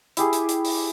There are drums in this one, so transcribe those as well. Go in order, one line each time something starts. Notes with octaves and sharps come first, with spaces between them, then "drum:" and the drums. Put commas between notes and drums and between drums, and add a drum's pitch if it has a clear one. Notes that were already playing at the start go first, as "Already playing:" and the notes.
E4 G4 G#4, drum: hi-hat
drum: hi-hat
drum: hi-hat
drum: open hi-hat